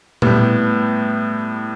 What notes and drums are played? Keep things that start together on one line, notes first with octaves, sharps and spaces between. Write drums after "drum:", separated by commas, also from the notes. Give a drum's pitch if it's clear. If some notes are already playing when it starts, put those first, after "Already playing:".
A2 G3 B3, drum: tom A#2